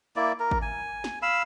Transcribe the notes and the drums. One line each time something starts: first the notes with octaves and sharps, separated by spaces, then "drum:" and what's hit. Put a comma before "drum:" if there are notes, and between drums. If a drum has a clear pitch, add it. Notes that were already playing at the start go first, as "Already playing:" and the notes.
A#3 E4 D5
A#4
drum: kick
G#5
drum: snare
F5 B5 E6